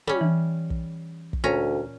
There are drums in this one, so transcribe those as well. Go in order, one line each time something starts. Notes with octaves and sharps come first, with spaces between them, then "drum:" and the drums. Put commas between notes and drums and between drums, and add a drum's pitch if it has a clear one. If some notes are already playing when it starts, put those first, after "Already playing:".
G3 C#4, drum: tom
E3
drum: kick
drum: kick
D2 A#2 C#4 A#5